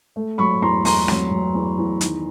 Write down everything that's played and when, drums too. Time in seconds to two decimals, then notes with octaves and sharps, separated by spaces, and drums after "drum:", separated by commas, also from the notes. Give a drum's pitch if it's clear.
0.16 A3
0.38 F#3 B5 C#6
0.62 E2 A#5 C6
0.85 E2 A#5 C6, drum: open hi-hat
1.08 F#3, drum: snare
1.31 F#3
1.54 E2
1.78 E2
2.01 D#3, drum: hi-hat